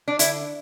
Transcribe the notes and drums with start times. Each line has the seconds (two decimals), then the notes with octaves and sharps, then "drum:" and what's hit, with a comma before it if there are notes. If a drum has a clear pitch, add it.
0.08 D4
0.19 D3 E4, drum: hi-hat